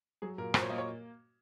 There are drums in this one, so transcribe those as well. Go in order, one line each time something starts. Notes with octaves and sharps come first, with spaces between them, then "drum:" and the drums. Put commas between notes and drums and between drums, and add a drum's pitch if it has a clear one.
F#3 G#4
A#2 A#4
A#2 C5, drum: rim click
C#5
A#3 D#5
C#5